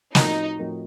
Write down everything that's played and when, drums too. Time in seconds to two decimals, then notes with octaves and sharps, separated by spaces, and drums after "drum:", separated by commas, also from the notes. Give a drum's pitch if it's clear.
0.15 A2 F3 C4 D#4 F#4 A#4, drum: snare
0.59 A2 F3 C4 F#4 A#4